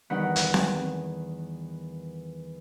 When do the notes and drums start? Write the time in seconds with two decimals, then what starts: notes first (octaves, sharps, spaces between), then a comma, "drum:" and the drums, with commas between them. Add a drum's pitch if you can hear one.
0.10 E2 D#3 G3 D#4 F#5 B5
0.36 drum: hi-hat
0.54 drum: snare C4